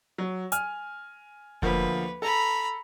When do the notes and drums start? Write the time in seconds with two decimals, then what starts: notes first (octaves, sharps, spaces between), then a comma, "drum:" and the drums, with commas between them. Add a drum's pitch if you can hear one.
0.18 F#3
0.52 G#5 F6, drum: hi-hat
1.62 D2 F3 A#3 B4, drum: kick F1
2.22 A4 A#5 B5